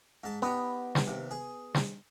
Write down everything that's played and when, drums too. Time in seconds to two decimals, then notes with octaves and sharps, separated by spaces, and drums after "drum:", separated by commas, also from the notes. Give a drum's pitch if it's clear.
0.24 G#2 A5
0.42 B3 D4 D#4 G4
0.95 drum: snare
1.07 D#2 C3
1.31 G#4
1.75 drum: snare